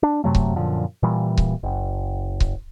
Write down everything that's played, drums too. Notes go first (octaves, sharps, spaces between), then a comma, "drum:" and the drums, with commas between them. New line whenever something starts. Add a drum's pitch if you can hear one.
D4
F#2 C3 F#3 A3
drum: kick C#1
F#2 A#2 D3 F3
A#2 E3 G3
drum: kick C#1
F#1
drum: kick C#1